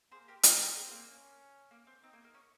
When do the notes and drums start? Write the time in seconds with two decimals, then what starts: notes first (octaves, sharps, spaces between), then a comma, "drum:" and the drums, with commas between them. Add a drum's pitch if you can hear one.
0.12 A#3 G#4 C5
0.28 G4 A#4
0.43 A#3 G4 A#4, drum: hi-hat
0.59 G4 A#4
0.76 C4 G#4
0.91 A#3
1.08 C#4
1.71 A#3
1.87 C4
2.03 C4 D#4
2.13 A#3
2.24 A#3
2.34 C#4